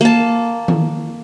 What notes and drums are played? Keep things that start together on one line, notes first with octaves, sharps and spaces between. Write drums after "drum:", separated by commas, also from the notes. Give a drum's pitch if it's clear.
A#3 A5
drum: tom D#3